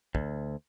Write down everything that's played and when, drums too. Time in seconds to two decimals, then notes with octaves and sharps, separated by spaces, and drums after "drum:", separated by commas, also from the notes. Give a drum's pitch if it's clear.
0.15 D2, drum: kick